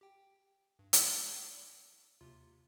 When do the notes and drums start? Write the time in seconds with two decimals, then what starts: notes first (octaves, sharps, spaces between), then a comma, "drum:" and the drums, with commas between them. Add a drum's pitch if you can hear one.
0.01 G4 G5
0.79 G2
0.93 drum: hi-hat
2.21 D#2 C3 F4